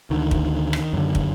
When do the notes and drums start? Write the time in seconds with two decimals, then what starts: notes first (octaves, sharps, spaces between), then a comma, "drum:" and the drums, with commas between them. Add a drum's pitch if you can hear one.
0.10 D2 D3 D#3
0.31 drum: kick
0.73 drum: rim click
0.93 F#2 D3
1.15 drum: kick